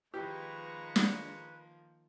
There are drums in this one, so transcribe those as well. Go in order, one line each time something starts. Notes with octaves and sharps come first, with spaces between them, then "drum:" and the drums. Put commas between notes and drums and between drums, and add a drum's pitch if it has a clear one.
D#3 F3 G#3 A#3 G4 B4 A#5 C#6
drum: snare